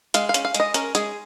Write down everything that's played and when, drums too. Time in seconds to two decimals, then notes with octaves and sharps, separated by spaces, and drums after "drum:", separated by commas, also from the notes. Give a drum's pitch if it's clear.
0.14 G#3 F5, drum: hi-hat
0.29 F5
0.34 C#4, drum: hi-hat
0.45 F5
0.55 G#3, drum: hi-hat
0.60 D#5
0.74 C#4 A#4, drum: hi-hat
0.95 G#3 G#4, drum: hi-hat